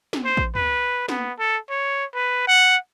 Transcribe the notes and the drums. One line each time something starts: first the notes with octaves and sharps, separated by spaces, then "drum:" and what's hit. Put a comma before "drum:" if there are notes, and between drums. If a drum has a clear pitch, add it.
drum: snare
C5
drum: kick A1
B4, drum: tom
B3, drum: snare
A4
C#5
B4
F#5